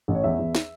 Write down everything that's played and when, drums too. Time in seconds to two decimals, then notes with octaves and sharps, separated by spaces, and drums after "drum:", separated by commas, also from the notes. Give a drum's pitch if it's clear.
0.08 A1
0.15 C#5
0.24 E2 E5
0.39 E2
0.55 drum: snare